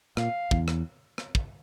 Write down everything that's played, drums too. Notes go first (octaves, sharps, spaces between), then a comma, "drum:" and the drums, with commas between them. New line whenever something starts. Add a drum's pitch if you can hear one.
A#2 F5, drum: rim click
E2, drum: kick
drum: rim click
drum: rim click
drum: kick